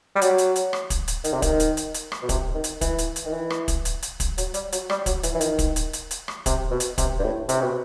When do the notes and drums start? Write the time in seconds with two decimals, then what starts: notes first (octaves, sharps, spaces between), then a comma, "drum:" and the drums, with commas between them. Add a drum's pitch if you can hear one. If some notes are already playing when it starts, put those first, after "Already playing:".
0.16 G3
0.21 F#3, drum: hi-hat
0.38 drum: hi-hat
0.56 drum: hi-hat
0.73 drum: rim click
0.90 drum: kick, hi-hat
1.08 drum: hi-hat
1.24 D#3, drum: hi-hat
1.33 C3
1.42 D#3, drum: kick, hi-hat
1.60 drum: hi-hat
1.77 drum: hi-hat
1.94 drum: hi-hat
2.12 drum: rim click
2.22 B2
2.29 C3, drum: kick, hi-hat
2.54 D#3
2.64 drum: hi-hat
2.81 E3, drum: kick, hi-hat
2.98 drum: hi-hat
3.16 drum: hi-hat
3.26 D#3
3.33 E3
3.50 drum: rim click
3.68 drum: kick, hi-hat
3.85 drum: hi-hat
4.02 drum: hi-hat
4.20 drum: kick, hi-hat
4.38 F#3, drum: hi-hat
4.54 G3, drum: hi-hat
4.72 F#3, drum: hi-hat
4.90 G3, drum: rim click
5.06 F#3, drum: kick, hi-hat
5.23 E3, drum: hi-hat
5.35 E3
5.41 D#3, drum: hi-hat
5.59 drum: kick, hi-hat
5.76 drum: hi-hat
5.93 drum: hi-hat
6.11 drum: hi-hat
6.28 drum: rim click
6.46 C3, drum: kick, hi-hat
6.71 B2
6.80 drum: hi-hat
6.98 C3, drum: kick, hi-hat
7.19 G2
7.24 A2
7.49 C3, drum: hi-hat
7.62 B2